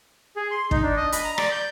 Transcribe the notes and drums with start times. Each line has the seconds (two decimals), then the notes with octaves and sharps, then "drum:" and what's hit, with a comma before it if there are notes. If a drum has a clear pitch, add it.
0.36 G#4
0.51 C6
0.71 D#4, drum: kick
0.83 D4
0.97 D#5
1.12 B5, drum: hi-hat
1.24 A#5
1.38 D5, drum: rim click
1.52 G6